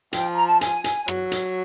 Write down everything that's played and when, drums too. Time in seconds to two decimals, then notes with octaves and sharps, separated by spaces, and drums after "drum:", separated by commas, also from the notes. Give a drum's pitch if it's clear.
0.13 F3 G5, drum: hi-hat
0.33 A#5
0.47 A5
0.61 G#5, drum: hi-hat
0.84 drum: hi-hat
1.08 F#3, drum: rim click
1.32 drum: hi-hat